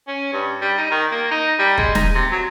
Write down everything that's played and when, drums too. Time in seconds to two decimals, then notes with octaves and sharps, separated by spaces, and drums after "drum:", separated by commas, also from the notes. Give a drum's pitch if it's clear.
0.07 C#4
0.33 G2
0.61 G3
0.78 D#4
0.91 D#3
1.11 A#3
1.31 D#4
1.59 G3
1.78 G#3, drum: kick
1.95 D#4, drum: snare
2.15 C3
2.32 F#3